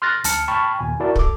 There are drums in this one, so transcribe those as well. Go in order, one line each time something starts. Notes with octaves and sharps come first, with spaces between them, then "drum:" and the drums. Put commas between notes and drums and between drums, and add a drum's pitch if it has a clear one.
C6 F6 F#6 A6 A#6
D2 A5 F6 C#7, drum: hi-hat
G5 A5 B5 C#6 F6
D#2 A#2 G#5
E4 F#4 A#4 D5 A5
A4 D6, drum: kick